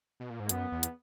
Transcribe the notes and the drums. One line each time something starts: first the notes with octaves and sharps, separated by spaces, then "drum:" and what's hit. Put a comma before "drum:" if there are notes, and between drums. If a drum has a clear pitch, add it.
B2
A#2
G#2
A#3
F#2 B3, drum: hi-hat
E2
drum: hi-hat